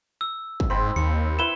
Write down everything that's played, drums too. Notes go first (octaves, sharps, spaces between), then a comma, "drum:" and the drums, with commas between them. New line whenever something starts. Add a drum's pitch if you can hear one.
E6
drum: kick
G#2 C4 B5
D#2 C#7
E4 B4 B5 E7 G7